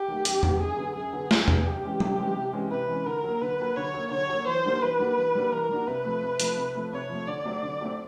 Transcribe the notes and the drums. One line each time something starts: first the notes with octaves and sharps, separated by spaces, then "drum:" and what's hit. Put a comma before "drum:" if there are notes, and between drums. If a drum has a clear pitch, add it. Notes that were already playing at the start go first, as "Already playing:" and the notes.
Already playing: G4
D#3 F#3 A3
F#2, drum: hi-hat
D3 F#3 B3, drum: tom E2
F#2 G#4
D3 F#3 B3
F#2 G#4
D3 F#3 B3
F#2, drum: snare
D3 F#3 B3, drum: tom E2
C3 G4
E3 G#3 C#4
C3, drum: tom F#3
E3 G#3 C#4
C3
E3 G#3 C#4
C3 B4
E3 G#3 C#4
D3 A#4
F#3 A#3
D3 B4
F#3 A#3
D3 C#5
F#3 A#3
D3 C#5
F#3 A#3
E3 C5
G3 A#3 D4 F#4
E3 B4
G3 A#3 D4 F#4
E3
G3 A#3 D4 F#4
E3 A#4
G3 A#3 D4 F#4
C3 B4
F3 A3
C3
F3 A3, drum: hi-hat
C3
F3 A3
C3 C#5
F3 A3
D3 D5
F#3 A3 C4
D3
F#3 A3 C4